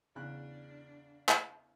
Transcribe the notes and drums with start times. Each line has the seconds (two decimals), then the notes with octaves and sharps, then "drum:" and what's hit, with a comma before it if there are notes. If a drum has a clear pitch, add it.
0.15 E2 C#3 D4 F#6
1.29 drum: clap